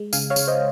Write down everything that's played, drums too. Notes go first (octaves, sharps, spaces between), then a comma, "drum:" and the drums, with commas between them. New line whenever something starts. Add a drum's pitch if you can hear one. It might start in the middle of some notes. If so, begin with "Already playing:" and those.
Already playing: G#3
C#3 F5 G#5, drum: tambourine
C#5 F5
C#3, drum: tambourine
C5 D#5